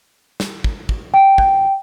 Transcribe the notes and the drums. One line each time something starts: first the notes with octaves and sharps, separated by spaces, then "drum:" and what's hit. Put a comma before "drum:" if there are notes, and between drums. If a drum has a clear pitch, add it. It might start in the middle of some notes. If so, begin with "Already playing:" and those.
drum: snare
drum: kick
drum: kick
G5
drum: kick